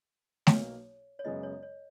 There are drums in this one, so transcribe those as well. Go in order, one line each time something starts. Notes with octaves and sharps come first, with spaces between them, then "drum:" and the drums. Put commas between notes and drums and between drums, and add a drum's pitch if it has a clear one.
B1 B2 A#3 C#5, drum: snare A3
C#5
F#2 C#3 G#3 B3 D#5
C#5
C#5